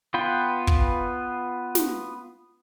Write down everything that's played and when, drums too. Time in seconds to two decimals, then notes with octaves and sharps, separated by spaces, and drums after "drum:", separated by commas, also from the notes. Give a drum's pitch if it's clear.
0.14 B3 F4 B4 G5
0.67 drum: kick
1.75 drum: snare